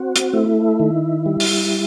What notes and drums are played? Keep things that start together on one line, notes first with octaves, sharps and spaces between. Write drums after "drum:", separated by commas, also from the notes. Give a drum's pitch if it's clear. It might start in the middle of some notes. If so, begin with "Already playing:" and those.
Already playing: C4 F#4
drum: hi-hat
A3 E4
D#3
G3
drum: open hi-hat